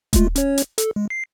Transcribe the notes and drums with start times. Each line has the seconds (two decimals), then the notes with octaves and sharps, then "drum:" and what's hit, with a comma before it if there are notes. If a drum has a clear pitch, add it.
0.13 G#3 A3 F4, drum: kick D#1, hi-hat
0.36 C#4 C#5, drum: hi-hat
0.58 drum: hi-hat
0.78 A4, drum: hi-hat
0.96 G#3
1.10 C7